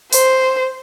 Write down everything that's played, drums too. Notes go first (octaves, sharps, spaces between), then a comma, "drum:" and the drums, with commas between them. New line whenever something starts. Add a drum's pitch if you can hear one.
C5, drum: open hi-hat